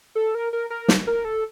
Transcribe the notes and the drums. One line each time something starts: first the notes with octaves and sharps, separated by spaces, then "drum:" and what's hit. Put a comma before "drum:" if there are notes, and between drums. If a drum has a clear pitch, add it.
A4
A#4
A#4
A#4
drum: snare
A#4
A4